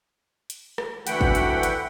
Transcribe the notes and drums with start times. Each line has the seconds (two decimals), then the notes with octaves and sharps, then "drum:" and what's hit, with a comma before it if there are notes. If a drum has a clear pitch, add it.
0.50 drum: hi-hat
0.78 drum: rim click
1.07 D2 E3 A3 F#5 G5 B5, drum: hi-hat
1.21 drum: kick G#1
1.35 drum: hi-hat
1.63 drum: hi-hat